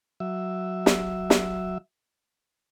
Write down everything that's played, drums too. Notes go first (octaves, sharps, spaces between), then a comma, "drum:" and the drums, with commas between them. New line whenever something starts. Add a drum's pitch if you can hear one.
F#3 E5
drum: snare
drum: snare